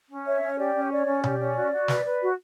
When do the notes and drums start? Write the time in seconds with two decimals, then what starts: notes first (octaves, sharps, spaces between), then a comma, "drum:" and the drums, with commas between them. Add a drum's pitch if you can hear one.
0.09 C#4
0.26 C#5 E5
0.42 C#4
0.58 G4 D5
0.74 C#4
0.91 C#5 D5
1.07 C#4
1.24 G4, drum: tom B2
1.39 C#4
1.56 F#4
1.72 F#4
1.88 B4, drum: snare
2.05 B4
2.21 F#4